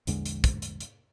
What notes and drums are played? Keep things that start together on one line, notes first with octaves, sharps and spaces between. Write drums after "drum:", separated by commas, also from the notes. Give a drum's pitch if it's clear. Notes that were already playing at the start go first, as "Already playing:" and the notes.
A#1 E2 D3 G#3, drum: hi-hat
drum: hi-hat
drum: kick, hi-hat
drum: hi-hat
drum: hi-hat